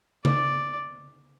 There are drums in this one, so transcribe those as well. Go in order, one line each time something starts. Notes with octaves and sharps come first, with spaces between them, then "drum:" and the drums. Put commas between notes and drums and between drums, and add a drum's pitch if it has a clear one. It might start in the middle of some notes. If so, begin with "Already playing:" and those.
D5, drum: tom C#3